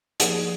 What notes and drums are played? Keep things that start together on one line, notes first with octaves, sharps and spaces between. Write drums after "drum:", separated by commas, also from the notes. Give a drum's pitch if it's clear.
F3 A#3 D#4 G4 G#4 D5, drum: hi-hat